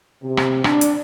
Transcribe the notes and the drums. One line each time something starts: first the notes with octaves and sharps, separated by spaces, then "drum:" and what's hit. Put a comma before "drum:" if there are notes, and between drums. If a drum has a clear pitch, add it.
C3
drum: rim click
D4, drum: rim click
drum: hi-hat